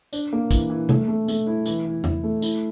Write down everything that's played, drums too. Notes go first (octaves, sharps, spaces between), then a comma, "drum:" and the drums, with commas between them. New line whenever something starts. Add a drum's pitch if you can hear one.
D4, drum: tambourine
A#3
E3, drum: kick, tambourine
E3
A3, drum: tom C3
A3
A3, drum: tambourine
E4
E3, drum: tambourine
E3
E4, drum: tom E2
A3
E4, drum: tambourine